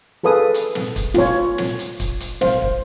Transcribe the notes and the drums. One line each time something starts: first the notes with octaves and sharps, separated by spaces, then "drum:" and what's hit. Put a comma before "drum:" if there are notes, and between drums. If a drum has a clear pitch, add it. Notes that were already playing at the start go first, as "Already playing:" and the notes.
G#4 A4 B4 F5 D#6
drum: hi-hat
drum: snare
drum: kick, hi-hat
F4 C#5, drum: snare
drum: snare
drum: hi-hat
drum: kick, hi-hat
drum: hi-hat
C5 F5, drum: snare
drum: kick